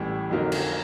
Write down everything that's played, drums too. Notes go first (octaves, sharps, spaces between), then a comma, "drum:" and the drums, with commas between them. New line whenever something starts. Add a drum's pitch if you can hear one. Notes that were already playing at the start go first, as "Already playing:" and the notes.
Already playing: A1 A2 E3 G3
F2 D3 F#3 A#3 D#4
drum: cymbal